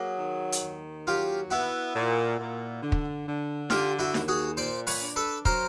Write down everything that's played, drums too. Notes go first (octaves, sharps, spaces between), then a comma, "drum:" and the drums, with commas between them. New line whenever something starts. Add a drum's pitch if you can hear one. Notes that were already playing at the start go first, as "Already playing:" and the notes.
Already playing: F#3 A#3 F#4 G#4
D#3
drum: hi-hat
D#2
F#3 F4 G4
B3 E4 F#4
A#2
A#2
D3
drum: kick
D3
D3 F4 G4, drum: snare D#4
E4 F#4
D#2, drum: snare D#4
F#4 G#4
A#2 C5 D5
B4 C#5, drum: open hi-hat
D4
A4 B4
F#3 A#4 C5, drum: kick